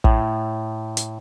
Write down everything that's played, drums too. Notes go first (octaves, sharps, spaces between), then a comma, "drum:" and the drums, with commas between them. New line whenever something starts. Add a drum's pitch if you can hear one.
A2, drum: kick
drum: hi-hat